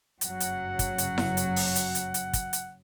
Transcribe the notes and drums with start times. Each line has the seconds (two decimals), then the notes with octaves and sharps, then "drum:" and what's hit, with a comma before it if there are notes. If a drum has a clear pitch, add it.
0.21 F#1 G2 C#3 F#3 F#5, drum: hi-hat
0.40 drum: hi-hat
0.79 drum: kick, hi-hat
0.98 drum: hi-hat
1.18 drum: snare E4
1.37 drum: hi-hat
1.56 drum: open hi-hat
1.76 drum: hi-hat
1.95 drum: hi-hat
2.14 drum: hi-hat
2.33 drum: kick, hi-hat
2.53 drum: hi-hat